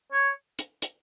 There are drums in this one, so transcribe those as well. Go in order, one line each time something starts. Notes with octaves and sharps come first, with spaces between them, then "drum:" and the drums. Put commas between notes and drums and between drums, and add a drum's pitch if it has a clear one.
C#5
drum: hi-hat
drum: hi-hat